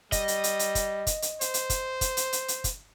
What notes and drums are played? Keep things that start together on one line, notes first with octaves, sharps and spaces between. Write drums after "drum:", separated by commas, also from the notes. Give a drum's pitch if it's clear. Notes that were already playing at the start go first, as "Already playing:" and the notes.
G3 D#5, drum: kick, hi-hat
drum: hi-hat
drum: hi-hat
drum: hi-hat
drum: kick, hi-hat
drum: kick, hi-hat
drum: hi-hat
C5, drum: hi-hat
drum: hi-hat
drum: kick, hi-hat
drum: kick, hi-hat
drum: hi-hat
drum: hi-hat
drum: hi-hat
drum: kick, hi-hat